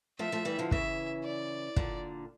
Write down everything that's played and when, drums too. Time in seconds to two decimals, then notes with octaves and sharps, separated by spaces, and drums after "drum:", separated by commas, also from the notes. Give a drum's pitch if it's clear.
0.19 F3 A3 E5
0.32 F3 A3
0.45 E3 G3
0.59 D3 F3
0.71 C#3 E3 E5, drum: kick
1.24 D5
1.76 A#2 D3, drum: kick